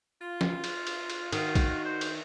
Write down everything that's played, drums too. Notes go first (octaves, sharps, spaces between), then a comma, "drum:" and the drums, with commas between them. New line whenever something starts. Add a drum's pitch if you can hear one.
F4
drum: snare
drum: cymbal
drum: cymbal
drum: cymbal
D#3 F4 F#4, drum: cymbal
drum: kick B1, cymbal
C5
drum: cymbal